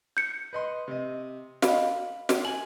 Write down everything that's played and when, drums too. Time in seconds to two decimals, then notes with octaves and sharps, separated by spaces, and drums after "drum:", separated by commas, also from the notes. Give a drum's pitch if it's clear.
0.17 G6 C#7
0.53 B4 D#5 C6
0.88 C3 D#5
1.62 D#5 F5 B5, drum: snare
2.29 drum: snare
2.45 G#5 F#7